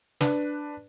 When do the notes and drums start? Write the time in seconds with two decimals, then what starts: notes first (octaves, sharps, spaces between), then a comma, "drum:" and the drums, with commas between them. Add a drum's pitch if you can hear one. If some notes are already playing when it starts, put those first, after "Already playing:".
0.21 D4 B4, drum: snare